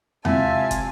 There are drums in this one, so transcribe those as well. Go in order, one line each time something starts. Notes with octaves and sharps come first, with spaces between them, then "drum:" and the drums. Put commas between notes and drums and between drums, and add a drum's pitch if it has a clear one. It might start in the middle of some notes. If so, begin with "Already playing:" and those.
C3 G#3 C4 E4 F4 E5 G#5 A5, drum: tom E2
drum: kick, hi-hat